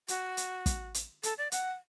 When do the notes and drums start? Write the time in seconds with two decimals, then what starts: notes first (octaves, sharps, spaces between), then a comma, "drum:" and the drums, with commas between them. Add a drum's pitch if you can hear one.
0.08 F#4, drum: hi-hat
0.37 drum: hi-hat
0.66 drum: kick, hi-hat
0.94 drum: hi-hat
1.23 A4, drum: hi-hat
1.38 D5
1.52 F#5, drum: hi-hat